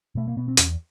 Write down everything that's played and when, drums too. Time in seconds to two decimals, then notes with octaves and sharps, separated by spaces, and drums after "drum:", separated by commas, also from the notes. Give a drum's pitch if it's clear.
0.15 B2 A3
0.28 A#3
0.37 B2 B3
0.48 C4
0.57 E2 C#4, drum: hi-hat